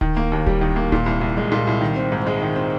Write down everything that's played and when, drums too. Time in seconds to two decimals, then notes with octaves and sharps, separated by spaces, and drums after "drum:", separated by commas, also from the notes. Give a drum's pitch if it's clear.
0.01 D#3, drum: kick D1
0.17 A#3
0.32 D#2
0.47 G3, drum: kick D1
0.61 D#3
0.76 A#3
0.92 A#2, drum: kick D1
1.06 C2
1.21 C2
1.37 G#3
1.52 A#2
1.67 C2
1.81 D#3
1.96 C4
2.12 G#2
2.27 G#3
2.42 D#3
2.56 C4